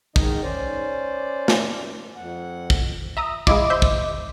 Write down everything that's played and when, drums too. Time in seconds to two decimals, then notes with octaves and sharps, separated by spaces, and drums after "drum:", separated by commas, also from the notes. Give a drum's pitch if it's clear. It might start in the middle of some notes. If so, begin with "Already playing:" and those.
0.16 G#2 D#3 D#4 D#5, drum: kick
0.43 C#4 C5 D5
1.48 drum: snare
2.17 F2 F#5
2.70 drum: kick
3.17 E5 A#5 D#6
3.47 G#3 E4 F4 D#5 D6, drum: kick
3.70 C5 E5 G6
3.82 drum: kick